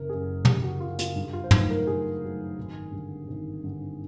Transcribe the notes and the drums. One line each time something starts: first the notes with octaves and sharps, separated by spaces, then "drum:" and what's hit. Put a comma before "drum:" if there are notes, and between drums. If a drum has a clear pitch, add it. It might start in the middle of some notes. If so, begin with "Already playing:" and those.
Already playing: F#1 A#4
F#2 C#3 G#4
F#1 G4, drum: tom
F#4
F#2 C#3 F4
F4, drum: hi-hat
G2
F4
C5
D#3 F#3 A3 B4, drum: tom
A#4
G2 G#4
D#3 F#3 A3
G#1
G2 D3
G#1
G2 D3